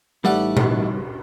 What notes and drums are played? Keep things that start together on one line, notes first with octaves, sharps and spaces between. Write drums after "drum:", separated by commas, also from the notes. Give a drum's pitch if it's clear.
A1 G3 A3 D#4 D5 F#5
drum: tom A#2